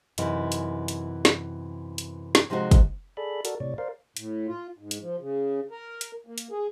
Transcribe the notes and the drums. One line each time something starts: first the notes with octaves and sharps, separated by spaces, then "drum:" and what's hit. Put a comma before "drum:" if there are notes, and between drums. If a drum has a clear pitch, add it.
F#2 C3 E3 D#4 E4, drum: hi-hat
drum: hi-hat
drum: hi-hat
drum: snare
drum: hi-hat
drum: snare
C3 F3 G#3 D#4 F#4 C5
drum: kick, hi-hat
G#4 A4 D5 B5
F#4 A4 A#4 D5, drum: hi-hat
A2 C3 C#5 D5
A#4 C5 D5 F5
A2, drum: hi-hat
F4
G#2
drum: hi-hat
F3
C#3
A#4
drum: hi-hat
A#3
drum: hi-hat
G#4